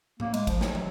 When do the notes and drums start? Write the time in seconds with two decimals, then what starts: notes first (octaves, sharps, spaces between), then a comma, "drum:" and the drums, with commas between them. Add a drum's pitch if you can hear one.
0.20 A#3, drum: tom A2
0.34 G#3, drum: cymbal
0.47 F3, drum: kick, cymbal
0.61 F#3, drum: snare
0.75 drum: tom